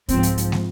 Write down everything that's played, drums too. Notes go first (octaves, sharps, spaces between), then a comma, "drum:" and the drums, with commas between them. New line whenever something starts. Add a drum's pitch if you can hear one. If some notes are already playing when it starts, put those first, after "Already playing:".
G#2 F3 C4, drum: kick C2, hi-hat
drum: hi-hat
drum: hi-hat
drum: snare